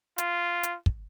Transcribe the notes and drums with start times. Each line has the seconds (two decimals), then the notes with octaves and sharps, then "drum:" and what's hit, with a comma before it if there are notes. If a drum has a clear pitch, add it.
0.18 F4, drum: hi-hat
0.63 drum: hi-hat
0.86 drum: kick